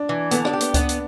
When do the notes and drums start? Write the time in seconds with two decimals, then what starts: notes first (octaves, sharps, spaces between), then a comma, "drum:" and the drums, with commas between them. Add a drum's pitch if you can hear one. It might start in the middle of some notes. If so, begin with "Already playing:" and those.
Already playing: D4
0.09 E3
0.31 D3 B3, drum: hi-hat
0.45 D4, drum: rim click
0.53 G4
0.60 B3, drum: hi-hat
0.74 B3 D4, drum: kick C#2, hi-hat
0.89 drum: hi-hat